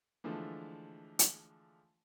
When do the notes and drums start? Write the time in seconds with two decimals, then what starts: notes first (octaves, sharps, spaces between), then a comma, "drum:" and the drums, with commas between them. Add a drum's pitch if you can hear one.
0.24 D3 E3 F3 G#3 A3
1.19 drum: hi-hat